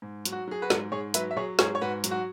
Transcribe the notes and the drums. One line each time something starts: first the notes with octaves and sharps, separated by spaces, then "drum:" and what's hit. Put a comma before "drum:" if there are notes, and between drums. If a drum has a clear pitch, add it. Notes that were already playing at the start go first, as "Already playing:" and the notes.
G#2
F#3, drum: hi-hat
F#4
F#3 G#4
F#4 B4
G#2, drum: snare
G#2 G#4 C#5
F#3 B4 E5, drum: hi-hat
E5
F#3 G#4 C#5
G#2 G#4 C#5, drum: snare
C#5
G#2 F#4 B4
F#3, drum: hi-hat
F#4